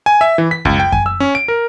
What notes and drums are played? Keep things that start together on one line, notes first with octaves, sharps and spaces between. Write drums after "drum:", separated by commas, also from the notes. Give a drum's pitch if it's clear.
G#5
E5
E3
B6
C#2, drum: kick F#2
G5
G#5, drum: kick F#2
E6
C#4
D7
A#4